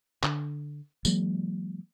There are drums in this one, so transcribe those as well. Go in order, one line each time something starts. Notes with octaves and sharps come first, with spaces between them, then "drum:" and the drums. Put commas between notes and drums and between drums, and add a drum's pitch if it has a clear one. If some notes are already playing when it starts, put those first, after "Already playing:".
D3, drum: clap
E3 F#3 G#3 A#3, drum: tambourine